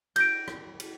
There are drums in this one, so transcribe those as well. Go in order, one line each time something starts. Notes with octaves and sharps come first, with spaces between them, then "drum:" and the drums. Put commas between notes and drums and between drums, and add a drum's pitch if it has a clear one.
G6 A#6 D7, drum: cymbal
drum: rim click
drum: cymbal